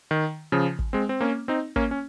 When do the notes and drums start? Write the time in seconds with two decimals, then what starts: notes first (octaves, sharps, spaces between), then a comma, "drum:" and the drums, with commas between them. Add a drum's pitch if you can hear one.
0.11 D#3
0.52 C#3 F3
0.79 drum: kick
0.93 G#3 C4
1.09 C4
1.21 A#3 C#4
1.48 C4 D#4
1.76 A#3 C#4, drum: kick
1.91 C#4